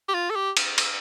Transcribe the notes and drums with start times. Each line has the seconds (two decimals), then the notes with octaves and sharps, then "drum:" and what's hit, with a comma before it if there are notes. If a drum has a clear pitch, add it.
0.08 G4
0.14 F4
0.30 A4
0.36 G4
0.57 drum: cymbal
0.78 drum: cymbal